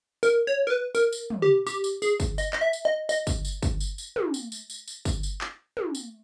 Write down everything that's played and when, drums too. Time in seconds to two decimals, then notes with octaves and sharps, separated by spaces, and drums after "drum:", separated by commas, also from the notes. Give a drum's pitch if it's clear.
0.23 A#4, drum: tambourine
0.47 C#5
0.67 A#4
0.70 B4
0.95 A#4, drum: tambourine
1.13 drum: tambourine
1.30 drum: tom
1.42 G4
1.67 G4, drum: tambourine
1.84 drum: tambourine
2.02 G#4, drum: tambourine
2.20 drum: kick, tambourine
2.38 D#5, drum: tambourine
2.53 D#5, drum: clap
2.61 E5
2.73 drum: tambourine
2.85 D#5
3.09 D#5, drum: tambourine
3.27 drum: kick, tambourine
3.45 drum: tambourine
3.63 drum: kick, tambourine
3.80 drum: tambourine
3.98 drum: tambourine
4.16 drum: tom
4.34 drum: tambourine
4.52 drum: tambourine
4.70 drum: tambourine
4.88 drum: tambourine
5.05 drum: kick, tambourine
5.23 drum: tambourine
5.41 drum: clap
5.77 drum: tom
5.95 drum: tambourine